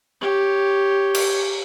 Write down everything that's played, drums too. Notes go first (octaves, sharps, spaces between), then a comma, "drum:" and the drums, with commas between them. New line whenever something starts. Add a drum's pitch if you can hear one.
G4 C#5
drum: cymbal